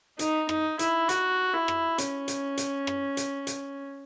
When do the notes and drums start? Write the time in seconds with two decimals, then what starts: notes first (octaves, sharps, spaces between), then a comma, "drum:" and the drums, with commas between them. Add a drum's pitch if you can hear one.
0.19 D#4, drum: hi-hat
0.49 D#4, drum: rim click
0.79 E4, drum: hi-hat
1.09 F#4, drum: hi-hat
1.53 E4
1.68 drum: rim click
1.98 C#4, drum: hi-hat
2.28 drum: hi-hat
2.57 drum: hi-hat
2.87 drum: rim click
3.17 drum: hi-hat
3.47 drum: hi-hat